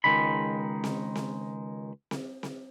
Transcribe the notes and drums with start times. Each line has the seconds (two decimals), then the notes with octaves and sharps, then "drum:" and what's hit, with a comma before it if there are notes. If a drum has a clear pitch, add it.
0.04 C#2 F#2 D#3 G#3 D#4 B5
0.84 drum: snare C4
1.15 drum: snare C4
2.11 drum: snare C4
2.43 drum: snare C4